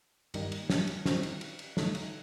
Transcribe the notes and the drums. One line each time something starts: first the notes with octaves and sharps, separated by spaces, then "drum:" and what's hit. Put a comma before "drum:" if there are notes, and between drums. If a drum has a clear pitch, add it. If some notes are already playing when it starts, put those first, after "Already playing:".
G2 D#3 G3 A#3 D#4, drum: cymbal
drum: cymbal
drum: snare
drum: cymbal
D#3 F#3 C4 D#4, drum: snare
drum: cymbal
drum: cymbal
drum: cymbal
D3 A3 D#4, drum: snare
drum: cymbal